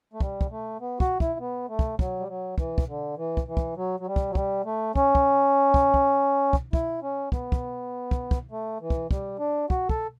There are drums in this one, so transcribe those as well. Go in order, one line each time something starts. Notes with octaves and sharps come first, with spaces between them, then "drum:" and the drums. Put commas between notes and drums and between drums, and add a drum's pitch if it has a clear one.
A3
G3, drum: kick
drum: kick
A3
B3
F#4, drum: kick
E4, drum: kick
B3
A3
drum: kick
F#3, drum: kick
G3
F#3
E3, drum: kick
drum: kick
D3
E3
drum: kick
E3
drum: kick
F#3
F#3
G3
drum: kick
F#3
G3, drum: kick
A3
C#4, drum: kick
drum: kick
drum: kick
drum: kick
drum: kick
E4, drum: kick
C#4
B3, drum: kick
drum: kick
drum: kick
drum: kick
A3
E3
drum: kick
G3, drum: kick
D4
F#4, drum: kick
A4, drum: kick